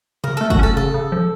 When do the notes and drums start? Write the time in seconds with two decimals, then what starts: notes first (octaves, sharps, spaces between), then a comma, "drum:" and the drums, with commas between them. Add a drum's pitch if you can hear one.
0.24 C#3 A#4
0.37 A3 A4
0.50 F#4, drum: kick
0.59 C#4 A4
0.77 C#3 A4
0.94 C#3
1.12 F3